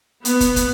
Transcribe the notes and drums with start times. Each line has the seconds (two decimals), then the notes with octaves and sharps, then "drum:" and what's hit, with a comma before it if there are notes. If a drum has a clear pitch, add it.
0.25 B3, drum: hi-hat
0.40 drum: kick, hi-hat
0.56 drum: kick, hi-hat